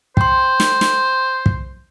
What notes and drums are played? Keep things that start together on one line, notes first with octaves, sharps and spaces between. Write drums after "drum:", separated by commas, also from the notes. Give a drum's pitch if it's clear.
C5 G5 C6, drum: kick
drum: snare
drum: snare
drum: kick